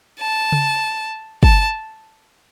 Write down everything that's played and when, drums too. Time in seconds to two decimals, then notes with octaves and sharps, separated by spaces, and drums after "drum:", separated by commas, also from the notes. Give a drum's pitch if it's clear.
0.20 A5
0.52 drum: tom C#3
1.43 A5, drum: kick